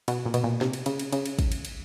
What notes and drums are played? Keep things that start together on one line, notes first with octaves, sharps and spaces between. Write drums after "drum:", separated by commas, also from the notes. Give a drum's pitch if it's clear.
B2, drum: cymbal
A#2
B2, drum: cymbal
A#2
C3, drum: snare
drum: cymbal
C#3, drum: cymbal
drum: cymbal
C#3, drum: cymbal
drum: cymbal
drum: kick, cymbal
drum: cymbal
drum: cymbal